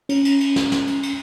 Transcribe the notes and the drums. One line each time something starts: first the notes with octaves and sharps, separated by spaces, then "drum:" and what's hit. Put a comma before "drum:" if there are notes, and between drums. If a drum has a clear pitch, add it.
C#4, drum: cymbal
drum: cymbal
drum: cymbal
drum: snare
drum: snare
drum: cymbal
drum: cymbal